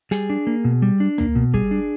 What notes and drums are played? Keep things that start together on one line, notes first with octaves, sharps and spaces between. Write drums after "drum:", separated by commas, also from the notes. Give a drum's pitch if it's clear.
G3 G#4, drum: hi-hat
D4
A#3
B2
G3
D4
A#3, drum: tom
B2
G3 G#4, drum: kick
D4